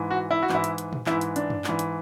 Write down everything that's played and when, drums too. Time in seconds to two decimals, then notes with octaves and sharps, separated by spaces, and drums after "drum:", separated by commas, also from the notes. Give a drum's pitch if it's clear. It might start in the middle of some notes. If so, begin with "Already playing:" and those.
Already playing: G#2 E3
0.11 F#4
0.31 E4
0.42 F#4
0.49 G#2 E3, drum: clap
0.55 E4
0.64 drum: hi-hat
0.78 drum: hi-hat
0.93 drum: tom A#2
1.06 G#2 E3 E4, drum: clap
1.21 drum: hi-hat
1.36 D4, drum: hi-hat
1.50 drum: tom F#2
1.64 G#2 E3, drum: clap
1.79 drum: hi-hat